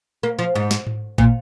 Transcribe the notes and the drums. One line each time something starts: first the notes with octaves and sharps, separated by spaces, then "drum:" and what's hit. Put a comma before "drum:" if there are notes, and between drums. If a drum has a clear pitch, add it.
A#3
F3
G#2
drum: snare
drum: tom G#2
A#2, drum: kick